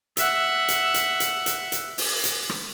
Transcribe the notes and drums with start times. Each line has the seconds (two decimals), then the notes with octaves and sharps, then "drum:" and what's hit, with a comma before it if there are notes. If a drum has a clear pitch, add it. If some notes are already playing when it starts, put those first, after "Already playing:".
0.17 E5 F#5, drum: hi-hat
0.68 drum: hi-hat
0.94 drum: hi-hat
1.20 drum: hi-hat
1.46 drum: hi-hat
1.72 drum: hi-hat
1.98 drum: open hi-hat
2.24 drum: hi-hat
2.49 drum: rim click